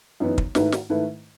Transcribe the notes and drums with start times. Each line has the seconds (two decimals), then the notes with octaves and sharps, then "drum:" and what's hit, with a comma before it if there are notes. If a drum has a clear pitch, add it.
0.20 F#2 E3 B3 D#4
0.38 drum: kick
0.55 G#2 D#3 A3 E4 B4, drum: snare
0.72 drum: snare
0.89 G#2 D#3 A3 E4 B4